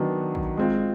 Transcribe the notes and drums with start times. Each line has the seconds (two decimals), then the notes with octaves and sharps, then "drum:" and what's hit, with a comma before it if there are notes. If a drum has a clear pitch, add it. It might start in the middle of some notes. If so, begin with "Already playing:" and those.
Already playing: D#3 F#3 B3 D4 F#4
0.35 drum: kick
0.57 G#3 C4 F4